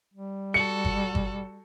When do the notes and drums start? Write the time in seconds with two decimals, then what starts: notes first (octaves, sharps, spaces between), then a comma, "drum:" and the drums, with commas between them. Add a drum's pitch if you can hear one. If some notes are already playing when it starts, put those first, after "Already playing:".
0.14 G3
0.54 F#4 A4 C#7
0.85 drum: kick G1
1.15 drum: kick G1